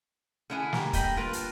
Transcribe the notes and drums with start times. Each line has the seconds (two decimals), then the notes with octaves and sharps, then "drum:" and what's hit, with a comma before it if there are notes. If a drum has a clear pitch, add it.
0.50 D3 C#4 E4 G#4 F#5
0.73 G3 A#3, drum: snare
0.93 D#5 G5 B5, drum: kick, hi-hat
1.17 F4 A#4 B4 A5
1.33 drum: hi-hat